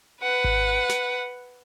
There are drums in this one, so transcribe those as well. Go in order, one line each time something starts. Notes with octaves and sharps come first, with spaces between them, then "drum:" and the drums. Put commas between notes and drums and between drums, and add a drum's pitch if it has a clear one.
B4 F#5
drum: kick G#1
drum: snare